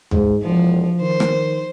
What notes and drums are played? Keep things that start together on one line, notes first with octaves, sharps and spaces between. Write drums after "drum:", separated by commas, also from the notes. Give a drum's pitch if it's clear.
G#2, drum: tom
E1 F3
D#3 C5
drum: rim click